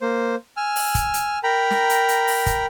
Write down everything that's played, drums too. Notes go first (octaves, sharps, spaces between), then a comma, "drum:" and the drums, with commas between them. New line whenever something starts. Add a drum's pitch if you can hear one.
A#3 C5
G#5 E6 F6
drum: open hi-hat
drum: kick, hi-hat
drum: hi-hat
A#4 G5 A#5 B5
drum: snare
drum: hi-hat
drum: hi-hat
drum: open hi-hat
drum: kick, hi-hat